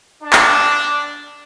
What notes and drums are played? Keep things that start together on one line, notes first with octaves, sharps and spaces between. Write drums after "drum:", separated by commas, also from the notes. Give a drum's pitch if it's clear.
D4
drum: clap